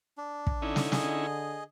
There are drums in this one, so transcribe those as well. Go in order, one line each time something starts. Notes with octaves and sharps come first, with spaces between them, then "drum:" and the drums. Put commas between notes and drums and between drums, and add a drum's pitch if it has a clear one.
D4
drum: kick
D3 C#4 D#4 E4
drum: snare
G#4 D#5, drum: snare